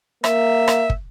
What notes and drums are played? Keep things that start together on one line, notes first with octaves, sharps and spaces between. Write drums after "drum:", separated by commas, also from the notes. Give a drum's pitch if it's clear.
A#3 E5, drum: rim click
drum: rim click
drum: kick